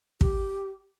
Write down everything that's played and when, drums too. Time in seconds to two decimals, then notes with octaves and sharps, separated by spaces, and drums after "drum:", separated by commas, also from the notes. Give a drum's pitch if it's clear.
0.21 G4, drum: kick